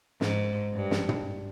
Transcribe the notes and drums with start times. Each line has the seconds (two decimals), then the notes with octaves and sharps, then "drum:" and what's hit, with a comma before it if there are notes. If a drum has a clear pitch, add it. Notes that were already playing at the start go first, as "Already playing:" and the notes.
0.21 G#2, drum: snare
0.74 G2
0.91 drum: snare
1.09 drum: tom